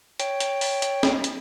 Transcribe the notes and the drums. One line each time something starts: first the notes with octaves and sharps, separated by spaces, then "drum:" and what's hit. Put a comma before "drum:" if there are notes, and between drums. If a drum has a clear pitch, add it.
C#5 G5, drum: hi-hat
drum: hi-hat
drum: open hi-hat
drum: hi-hat
drum: snare
drum: hi-hat